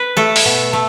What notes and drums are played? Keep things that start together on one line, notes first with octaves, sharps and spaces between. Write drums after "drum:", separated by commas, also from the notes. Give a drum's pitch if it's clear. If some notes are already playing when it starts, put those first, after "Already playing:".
Already playing: B4
A3 A4
drum: open hi-hat
B2
A3